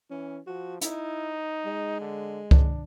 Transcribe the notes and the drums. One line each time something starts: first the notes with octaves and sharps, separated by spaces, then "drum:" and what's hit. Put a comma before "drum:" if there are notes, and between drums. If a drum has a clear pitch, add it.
E3 C#4
F3 F#4
D#4 E4, drum: hi-hat
G#3
D3
D4, drum: kick C#2